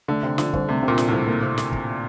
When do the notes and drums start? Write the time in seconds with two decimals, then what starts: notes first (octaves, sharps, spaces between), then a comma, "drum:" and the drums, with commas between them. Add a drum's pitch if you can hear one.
0.08 D3 A3
0.23 C3
0.38 D3 F3, drum: snare
0.53 C2, drum: kick
0.68 C3 A3
0.83 C3
0.88 A#2
0.98 F3, drum: snare
1.08 C2 A2
1.28 A#3
1.42 C3
1.58 drum: snare
1.72 drum: kick